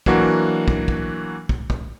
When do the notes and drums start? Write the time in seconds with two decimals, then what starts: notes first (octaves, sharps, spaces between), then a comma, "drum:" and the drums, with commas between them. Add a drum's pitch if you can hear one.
0.06 E3 F#3 A#3 D4 F#4, drum: kick
0.68 drum: kick
0.88 drum: kick
1.49 drum: kick
1.70 drum: kick